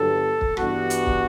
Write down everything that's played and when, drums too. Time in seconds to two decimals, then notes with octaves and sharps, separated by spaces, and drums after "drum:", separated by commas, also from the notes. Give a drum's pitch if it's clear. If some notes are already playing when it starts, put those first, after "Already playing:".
Already playing: G1 G2 F#3 B3 A4
0.41 drum: kick
0.57 G2 E3 G3 B3 D4 F#4, drum: rim click
0.90 drum: hi-hat
1.06 drum: kick